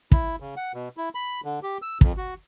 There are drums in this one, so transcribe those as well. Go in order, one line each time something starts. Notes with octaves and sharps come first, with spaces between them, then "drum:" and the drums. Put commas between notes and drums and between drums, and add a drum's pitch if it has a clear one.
E4, drum: kick
C#3
F#5
B2
E4
B5
D3
G4
E6
F2, drum: kick
F#4